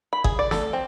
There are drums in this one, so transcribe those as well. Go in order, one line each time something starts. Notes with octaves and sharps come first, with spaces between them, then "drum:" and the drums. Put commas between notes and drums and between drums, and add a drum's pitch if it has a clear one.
B5
G#4, drum: kick G1
D5
A4, drum: snare
C4